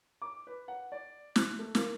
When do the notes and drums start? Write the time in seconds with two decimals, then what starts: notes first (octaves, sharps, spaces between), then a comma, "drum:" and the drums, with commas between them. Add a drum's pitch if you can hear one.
0.22 D6
0.47 B4
0.68 F#5
0.92 D5
1.36 F#6, drum: snare
1.59 A3
1.75 A#3, drum: snare